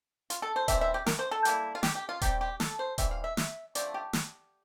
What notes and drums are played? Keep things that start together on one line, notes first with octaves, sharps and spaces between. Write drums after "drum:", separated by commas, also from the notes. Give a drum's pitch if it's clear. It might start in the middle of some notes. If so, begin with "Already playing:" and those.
F4, drum: hi-hat
A4
C5
E3 G3 C4 E5, drum: kick D#1, hi-hat
E5
G4
A#4, drum: snare
C5
A4
G3 A#3 E4, drum: hi-hat
F4
G4, drum: snare
G4
F4
C3 G3 C4 G4, drum: kick D#1, hi-hat
G4
A4, drum: snare
C5
E3 G3 C4 E5, drum: kick D#1, hi-hat
F5
E5
E5, drum: snare
D3 F3 A3 C4 D5, drum: hi-hat
G4
drum: snare